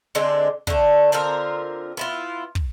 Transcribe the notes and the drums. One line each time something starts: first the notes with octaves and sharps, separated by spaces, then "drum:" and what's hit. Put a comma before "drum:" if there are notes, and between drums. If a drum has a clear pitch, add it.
D3 G#3 C4 D4
D3 A3, drum: kick
D3 C4 F4 A#4
B3 E4 F4
drum: kick